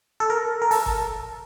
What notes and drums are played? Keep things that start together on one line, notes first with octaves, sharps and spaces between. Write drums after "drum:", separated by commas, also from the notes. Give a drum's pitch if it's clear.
A4
A#4
A#4
A4, drum: open hi-hat
drum: kick G1